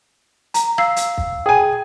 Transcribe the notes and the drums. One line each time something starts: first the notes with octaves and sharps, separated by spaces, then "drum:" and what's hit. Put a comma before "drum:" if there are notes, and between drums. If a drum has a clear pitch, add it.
A#5, drum: hi-hat
F5 E6 C7, drum: rim click
drum: hi-hat
drum: kick
G#4 G5 G#5 D#7